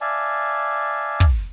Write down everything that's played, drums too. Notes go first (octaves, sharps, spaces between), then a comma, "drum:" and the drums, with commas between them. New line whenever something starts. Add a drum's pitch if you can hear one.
D5 E5 F5 G#5 A5
drum: kick